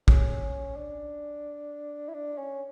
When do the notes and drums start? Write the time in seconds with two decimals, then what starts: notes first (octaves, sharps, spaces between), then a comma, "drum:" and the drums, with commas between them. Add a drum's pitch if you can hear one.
0.08 C#4, drum: kick
0.76 D4
2.09 E4
2.14 D4
2.38 C#4